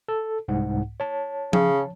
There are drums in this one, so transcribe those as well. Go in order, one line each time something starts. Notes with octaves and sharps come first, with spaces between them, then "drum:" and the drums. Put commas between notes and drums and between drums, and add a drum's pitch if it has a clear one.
A4
C2 G#2 F#5
C#5 A5
C#3, drum: tom F3